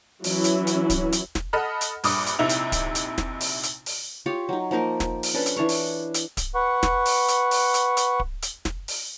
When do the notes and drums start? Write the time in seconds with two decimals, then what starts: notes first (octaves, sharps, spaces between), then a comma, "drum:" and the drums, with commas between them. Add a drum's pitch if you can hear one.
0.24 E3 F#3 C#4 E4, drum: open hi-hat
0.44 drum: hi-hat
0.67 drum: hi-hat
0.90 drum: kick D1, hi-hat
1.12 drum: hi-hat
1.35 drum: snare
1.53 A4 D#5 F#5 B5 F6
1.81 drum: hi-hat
2.04 A#1 G2 D6 D#6, drum: open hi-hat
2.26 drum: hi-hat
2.39 A#1 C3 D#4 E4 F7
2.49 drum: hi-hat
2.72 drum: kick D1, hi-hat
2.95 drum: hi-hat
3.18 drum: snare
3.41 drum: open hi-hat
3.63 drum: hi-hat
3.86 drum: open hi-hat
4.26 F4 G4 C#5
4.49 F#3 D#4
4.71 F3 A#3 D#4 A#4
5.00 drum: snare
5.23 drum: open hi-hat
5.34 C#4 D4 A4 B4
5.46 drum: hi-hat
5.56 E3 D4 C#5 C#6
5.69 drum: open hi-hat
6.14 drum: hi-hat
6.37 drum: kick D1, hi-hat
6.55 B4 F#5 C#6
6.83 drum: snare
7.05 drum: open hi-hat
7.28 drum: hi-hat
7.51 drum: open hi-hat
7.74 drum: hi-hat
7.97 drum: hi-hat
8.20 drum: kick D1
8.42 drum: hi-hat
8.65 drum: snare
8.88 drum: open hi-hat